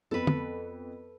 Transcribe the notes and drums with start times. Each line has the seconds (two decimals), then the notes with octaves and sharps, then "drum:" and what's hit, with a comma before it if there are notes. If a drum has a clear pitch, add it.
0.11 F2 B3 A4 B4
0.27 drum: tom